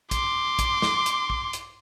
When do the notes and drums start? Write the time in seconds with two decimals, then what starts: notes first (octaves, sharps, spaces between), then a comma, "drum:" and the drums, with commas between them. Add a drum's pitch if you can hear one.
0.11 C6 D6, drum: kick, hi-hat
0.59 drum: kick, hi-hat
0.82 drum: snare
1.06 drum: hi-hat
1.30 drum: kick
1.53 drum: hi-hat